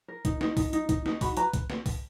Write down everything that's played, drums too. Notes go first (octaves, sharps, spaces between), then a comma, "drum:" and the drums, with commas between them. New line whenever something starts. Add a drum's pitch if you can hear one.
A#4
D#4, drum: kick B1, hi-hat
D#4, drum: snare
D#4, drum: kick B1, open hi-hat
D#4, drum: hi-hat
D#4, drum: kick B1, hi-hat
D#4, drum: snare
F#4 B5, drum: kick B1, open hi-hat
B4 A#5, drum: hi-hat
drum: kick B1, hi-hat
drum: snare
drum: kick B1, open hi-hat